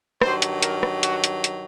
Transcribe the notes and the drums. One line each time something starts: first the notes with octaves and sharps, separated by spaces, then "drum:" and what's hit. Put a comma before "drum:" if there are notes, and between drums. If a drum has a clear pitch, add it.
G2 D#3 F#3 C5, drum: rim click
drum: hi-hat
A#4, drum: hi-hat
drum: rim click
F#4, drum: hi-hat
drum: hi-hat
drum: hi-hat